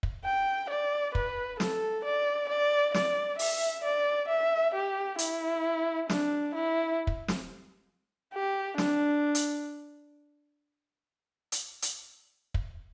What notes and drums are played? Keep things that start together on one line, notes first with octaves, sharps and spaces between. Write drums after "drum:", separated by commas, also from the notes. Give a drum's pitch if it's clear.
drum: kick
G5
D5
B4, drum: kick
A4, drum: snare
D5
D5
D5, drum: snare
E5, drum: open hi-hat
D5
E5
G4
E4, drum: hi-hat
D4, drum: snare
E4
drum: kick
drum: snare
G4
D4, drum: snare
drum: hi-hat
drum: hi-hat
drum: hi-hat
drum: kick